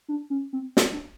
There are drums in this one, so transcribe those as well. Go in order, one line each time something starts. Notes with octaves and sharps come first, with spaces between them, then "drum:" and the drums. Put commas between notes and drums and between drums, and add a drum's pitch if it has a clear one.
D4
C#4
C4
C#4, drum: snare
D4